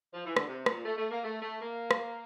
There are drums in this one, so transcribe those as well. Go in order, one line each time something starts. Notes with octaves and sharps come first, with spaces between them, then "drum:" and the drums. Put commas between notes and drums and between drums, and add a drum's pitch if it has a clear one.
F3
E3
D3, drum: rim click
C3
A#2, drum: rim click
A3
A3
A#3
A3
A3
A#3
drum: rim click